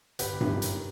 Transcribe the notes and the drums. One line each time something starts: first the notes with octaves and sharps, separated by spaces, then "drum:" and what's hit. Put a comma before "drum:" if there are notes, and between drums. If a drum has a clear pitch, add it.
G1 G4 B4, drum: hi-hat
drum: tom G2
F#2 D#3
drum: hi-hat